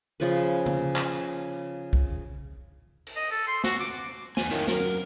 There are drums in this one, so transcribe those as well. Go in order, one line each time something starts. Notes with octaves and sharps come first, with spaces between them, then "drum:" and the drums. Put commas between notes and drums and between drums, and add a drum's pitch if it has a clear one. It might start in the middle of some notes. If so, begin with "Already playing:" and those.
C#3 F3 B4
drum: tom C#3
drum: clap
drum: kick
drum: cymbal
D#5
A4
C6
F#4, drum: snare
D6
E2 G#5, drum: snare
D#3 E4 C#5 F5, drum: hi-hat
F#2 A#4, drum: snare